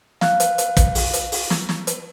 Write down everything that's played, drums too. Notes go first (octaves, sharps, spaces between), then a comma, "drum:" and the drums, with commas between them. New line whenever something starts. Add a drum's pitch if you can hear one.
F5 F#6, drum: snare
drum: hi-hat
drum: hi-hat
drum: kick, hi-hat
drum: open hi-hat
drum: hi-hat
drum: open hi-hat
drum: snare
drum: snare
drum: hi-hat